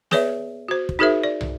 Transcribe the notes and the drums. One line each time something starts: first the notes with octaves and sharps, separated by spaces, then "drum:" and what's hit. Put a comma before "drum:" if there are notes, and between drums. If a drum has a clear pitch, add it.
B3 G#4 B4 C#5 D5 E5, drum: snare
F#4 C5
drum: kick
D#4 F#4 G#4 A#4 C5 E5
D5
drum: tom